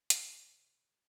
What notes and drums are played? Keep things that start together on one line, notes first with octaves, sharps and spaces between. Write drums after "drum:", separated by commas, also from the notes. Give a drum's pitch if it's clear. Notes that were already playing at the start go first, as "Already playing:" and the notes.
C3 G#3 C5, drum: hi-hat